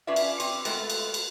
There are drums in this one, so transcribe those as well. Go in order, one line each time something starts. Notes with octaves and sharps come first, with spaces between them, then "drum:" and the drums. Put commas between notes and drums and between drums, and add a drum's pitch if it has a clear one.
C#4 D4 F4 B4 D5 E5
drum: cymbal
C4, drum: cymbal
G#3 A3 B3 F4 A#4, drum: cymbal
drum: cymbal
drum: cymbal